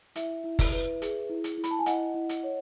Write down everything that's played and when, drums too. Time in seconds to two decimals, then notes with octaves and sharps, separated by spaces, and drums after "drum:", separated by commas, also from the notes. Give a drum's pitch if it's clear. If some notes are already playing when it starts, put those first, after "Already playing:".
0.16 E4 E5, drum: hi-hat
0.44 E4
0.59 drum: kick F#1, open hi-hat
0.72 B4
1.02 G#4, drum: hi-hat
1.29 E4
1.44 drum: hi-hat
1.58 E4
1.64 B5, drum: hi-hat
1.71 A5
1.79 G#5
1.86 E4 D#5 F#5, drum: hi-hat
2.15 E4
2.29 drum: hi-hat
2.43 C#5